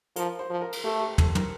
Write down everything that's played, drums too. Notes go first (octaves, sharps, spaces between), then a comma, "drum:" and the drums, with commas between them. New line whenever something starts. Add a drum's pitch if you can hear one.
F3 A#4, drum: hi-hat
C5
F3
A#4
drum: cymbal
A3 G4
G4
A4, drum: tom
A#4, drum: tom